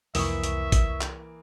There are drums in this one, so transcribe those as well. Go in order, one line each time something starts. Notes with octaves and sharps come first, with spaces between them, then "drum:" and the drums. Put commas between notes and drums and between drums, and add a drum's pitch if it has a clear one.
C2 F2 E3 A#3 E5 C#6 D#6, drum: open hi-hat
drum: hi-hat
drum: kick A1, hi-hat
drum: clap